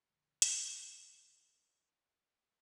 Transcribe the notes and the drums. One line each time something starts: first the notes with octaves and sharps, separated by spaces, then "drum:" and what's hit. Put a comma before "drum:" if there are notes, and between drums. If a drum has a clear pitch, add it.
A#1 D3 F3 A3
drum: hi-hat